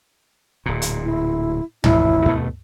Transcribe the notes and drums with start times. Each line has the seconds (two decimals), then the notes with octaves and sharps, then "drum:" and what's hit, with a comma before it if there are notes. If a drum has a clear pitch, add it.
0.66 D1 A#2
0.82 drum: hi-hat
1.04 E4
1.84 E1 A1 F3 E4, drum: tom
2.25 D#2 B2 A3